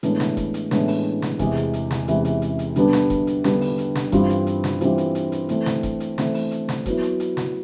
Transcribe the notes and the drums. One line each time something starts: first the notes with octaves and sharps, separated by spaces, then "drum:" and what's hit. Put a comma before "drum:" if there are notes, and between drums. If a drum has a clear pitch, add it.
A2 E3 G#3 B3 D4, drum: hi-hat
drum: snare
drum: kick E1, hi-hat
drum: hi-hat
A2 E3 G#3 B3 D4, drum: snare
drum: open hi-hat
drum: snare
E2 C3 E3 G#3, drum: kick E1, hi-hat
drum: hi-hat
drum: hi-hat
drum: snare
E2 C3 E3 G#3, drum: hi-hat
drum: hi-hat
drum: hi-hat
drum: hi-hat
D3 G3 B3 D4, drum: hi-hat
drum: snare
drum: kick E1, hi-hat
drum: hi-hat
D3 G3 B3 D4, drum: snare
drum: open hi-hat
drum: hi-hat
drum: snare
G2 E3 G3 C4 F4, drum: kick E1, hi-hat
drum: hi-hat
drum: hi-hat
drum: snare
G2 E3 G3 C4 F4, drum: hi-hat
drum: hi-hat
drum: hi-hat
drum: hi-hat
E3 A3 C4, drum: hi-hat
drum: snare
drum: kick E1, hi-hat
drum: hi-hat
E3 A3 C4, drum: snare
drum: open hi-hat
drum: hi-hat
drum: snare
F#3 B3 E4, drum: kick E1, hi-hat
drum: hi-hat
drum: hi-hat
drum: snare